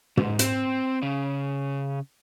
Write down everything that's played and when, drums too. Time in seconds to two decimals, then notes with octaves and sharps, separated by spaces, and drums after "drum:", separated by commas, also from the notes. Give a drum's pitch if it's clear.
0.17 G#2, drum: tom
0.39 C4, drum: hi-hat
1.03 C#3